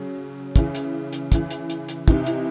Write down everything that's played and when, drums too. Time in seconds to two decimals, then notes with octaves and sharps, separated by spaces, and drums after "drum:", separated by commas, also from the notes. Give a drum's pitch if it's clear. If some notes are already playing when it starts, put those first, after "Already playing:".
Already playing: C#3 F#3
0.56 C#3 E3, drum: kick, hi-hat
0.75 drum: hi-hat
1.13 drum: hi-hat
1.32 C#3 E3, drum: kick, hi-hat
1.51 drum: hi-hat
1.70 drum: hi-hat
1.88 drum: hi-hat
2.08 C3 E3 D#4, drum: kick, hi-hat
2.26 E4, drum: hi-hat